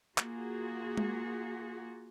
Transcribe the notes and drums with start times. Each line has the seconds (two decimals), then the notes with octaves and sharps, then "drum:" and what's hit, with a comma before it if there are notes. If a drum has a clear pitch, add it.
0.18 A#3 F4 F#4 G#4, drum: clap
0.98 drum: tom G#3